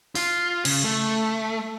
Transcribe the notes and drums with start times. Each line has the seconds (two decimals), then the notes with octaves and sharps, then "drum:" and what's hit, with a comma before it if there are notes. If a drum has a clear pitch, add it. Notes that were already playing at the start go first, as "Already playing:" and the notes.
0.15 F4, drum: open hi-hat
0.65 C#3, drum: cymbal
0.84 A3